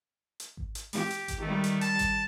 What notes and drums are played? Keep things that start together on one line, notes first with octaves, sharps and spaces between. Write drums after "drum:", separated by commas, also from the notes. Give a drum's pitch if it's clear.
drum: hi-hat
drum: kick G#1
drum: hi-hat
G4, drum: open hi-hat
drum: hi-hat
drum: kick G#1, hi-hat
D#3 G3 A3
drum: hi-hat
A5, drum: hi-hat
drum: kick G#1, hi-hat